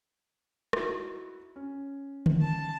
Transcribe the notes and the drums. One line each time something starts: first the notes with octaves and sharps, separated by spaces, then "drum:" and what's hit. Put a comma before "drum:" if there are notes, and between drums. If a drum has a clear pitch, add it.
D#4 E4 F#4, drum: rim click
C#4
drum: tom D3
A5